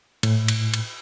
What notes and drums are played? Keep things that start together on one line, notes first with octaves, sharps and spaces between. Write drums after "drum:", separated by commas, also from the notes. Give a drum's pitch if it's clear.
A2, drum: cymbal
drum: cymbal
drum: cymbal